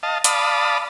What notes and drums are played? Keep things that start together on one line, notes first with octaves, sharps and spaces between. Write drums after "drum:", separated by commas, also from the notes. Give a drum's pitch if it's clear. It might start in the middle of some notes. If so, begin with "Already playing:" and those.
D#5 F5 A5
D5 F5 A5 B5 D#6, drum: hi-hat